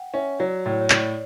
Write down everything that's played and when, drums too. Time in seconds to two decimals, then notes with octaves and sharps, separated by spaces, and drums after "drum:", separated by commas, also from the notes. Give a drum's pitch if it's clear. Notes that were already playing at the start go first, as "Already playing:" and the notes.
Already playing: F#5 G5
0.14 C#4 E5
0.39 F#3 D5
0.65 A2 C#5
0.81 C#5
0.90 A2 D5, drum: clap